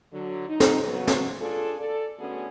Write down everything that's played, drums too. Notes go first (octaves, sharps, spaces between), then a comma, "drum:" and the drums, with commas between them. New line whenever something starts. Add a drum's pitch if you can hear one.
D3 F#3
D#4
drum: snare
C#3 F#3 B3
drum: snare
D4 F4 G#4 A4
A4 D5
D3 A3 B3 C#4 F#4 G#4